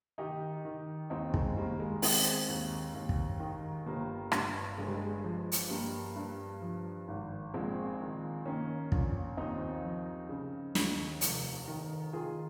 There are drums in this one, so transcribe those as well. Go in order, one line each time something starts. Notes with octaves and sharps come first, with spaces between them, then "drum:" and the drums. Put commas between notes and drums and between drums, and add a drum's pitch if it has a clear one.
D#3 D#4 G4
D#3
D#2 C4 D#4
G#3 C4, drum: kick
D#3 G3 A#3
G#3
D#3 G#3 C4, drum: open hi-hat
D#2
D#2
drum: kick
D#3
G1 G3 A#3
G2, drum: rim click
G1 G#3
G3
G#3
F3
drum: hi-hat
G2 G3 A#3
G2
F3
G#1
A#1 G#3 C4
D#3
D#3 A#3 C#4
A#1, drum: kick
D#2 C4 D#4
F3
C#3
D#2, drum: snare
F1, drum: hi-hat
D#3
D#3 F4 G#4